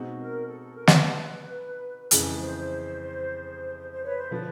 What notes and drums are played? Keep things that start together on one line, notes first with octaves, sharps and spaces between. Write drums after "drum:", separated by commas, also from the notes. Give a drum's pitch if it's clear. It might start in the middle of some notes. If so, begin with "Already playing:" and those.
Already playing: B2 G#3 C4 D#4 F#4
A#4
A4
A4
A#4
B4, drum: snare
F2 C#3 E3 G#3 B4, drum: hi-hat
C5
C5
C5
B4 C#5
C5
D3 F3 B4